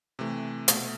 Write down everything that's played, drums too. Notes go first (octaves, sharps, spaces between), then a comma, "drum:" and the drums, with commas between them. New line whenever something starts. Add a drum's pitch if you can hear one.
C3 E3 A3
B2 A3, drum: hi-hat